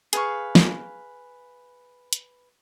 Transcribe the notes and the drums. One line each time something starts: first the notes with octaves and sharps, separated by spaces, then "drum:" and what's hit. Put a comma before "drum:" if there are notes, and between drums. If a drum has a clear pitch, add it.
G#4 B4 F5 C#6, drum: hi-hat
drum: snare
drum: hi-hat